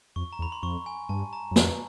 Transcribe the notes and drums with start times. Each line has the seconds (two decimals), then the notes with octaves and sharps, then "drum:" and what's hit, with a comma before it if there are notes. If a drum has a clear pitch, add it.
0.16 F2 C#6
0.33 A#5
0.39 E2
0.42 B5
0.52 C6
0.63 F2 C#6
0.86 G#5
1.09 G2 A5
1.33 A#5
1.51 F#2
1.56 F2, drum: snare